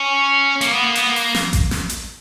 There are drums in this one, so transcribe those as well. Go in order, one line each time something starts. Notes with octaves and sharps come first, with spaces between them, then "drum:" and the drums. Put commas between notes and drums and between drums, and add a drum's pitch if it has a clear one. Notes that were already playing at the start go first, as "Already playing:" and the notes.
Already playing: C#4
A#3, drum: hi-hat
B3
A#3
B3, drum: hi-hat
A#3
drum: open hi-hat
drum: snare
drum: kick A1, hi-hat
drum: snare
drum: hi-hat